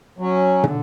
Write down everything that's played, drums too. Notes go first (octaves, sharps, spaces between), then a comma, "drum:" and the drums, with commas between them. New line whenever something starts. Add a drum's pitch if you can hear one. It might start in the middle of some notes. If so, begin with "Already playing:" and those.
F#3 C#4
D3, drum: tom